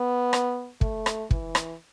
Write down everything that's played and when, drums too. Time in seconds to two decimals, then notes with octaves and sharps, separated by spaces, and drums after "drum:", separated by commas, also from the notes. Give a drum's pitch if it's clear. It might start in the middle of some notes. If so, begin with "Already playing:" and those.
Already playing: B3
0.33 drum: rim click
0.81 A3, drum: kick
1.06 drum: rim click
1.31 E3, drum: kick
1.55 drum: rim click